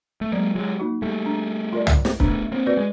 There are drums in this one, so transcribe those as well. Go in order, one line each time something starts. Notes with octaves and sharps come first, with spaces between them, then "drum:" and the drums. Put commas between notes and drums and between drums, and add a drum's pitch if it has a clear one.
A3
F#3 G#3 A#3
F#3 G#3
A#3 D#4 F#4
G3 A3
D4
F4 A#4 D5
drum: tom
drum: snare
A3 B3 D4, drum: kick C#1
A#3 C4
F#4 B4 D5
G#3